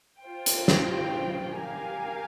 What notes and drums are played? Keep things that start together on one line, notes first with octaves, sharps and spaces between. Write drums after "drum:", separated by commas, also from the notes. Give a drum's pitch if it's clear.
F4 C5 G5
drum: hi-hat
drum: snare
G4 A#4 F5 G#5